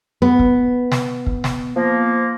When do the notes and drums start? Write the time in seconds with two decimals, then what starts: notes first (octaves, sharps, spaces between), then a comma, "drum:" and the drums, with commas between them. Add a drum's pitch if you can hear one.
0.22 B3
0.39 drum: kick
0.92 drum: snare
1.27 drum: kick
1.44 drum: snare
1.75 F3 A#3